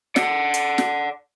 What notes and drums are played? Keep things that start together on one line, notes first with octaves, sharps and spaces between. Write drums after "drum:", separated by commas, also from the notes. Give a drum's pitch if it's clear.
D5 F#5, drum: snare
drum: hi-hat
drum: snare